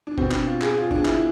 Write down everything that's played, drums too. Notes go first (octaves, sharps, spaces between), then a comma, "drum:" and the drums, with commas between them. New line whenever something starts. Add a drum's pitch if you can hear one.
D4
B2 C4, drum: kick
D4, drum: clap
F4
G#4, drum: clap
F4
D4, drum: kick
E4, drum: clap